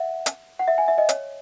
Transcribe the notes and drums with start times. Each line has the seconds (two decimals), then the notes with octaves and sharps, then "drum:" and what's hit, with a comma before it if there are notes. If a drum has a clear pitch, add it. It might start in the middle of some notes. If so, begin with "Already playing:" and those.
Already playing: E5 F#5
0.26 drum: hi-hat
0.59 F#5
0.68 E5
0.78 G#5
0.88 E5
0.98 D#5
1.09 C#5, drum: hi-hat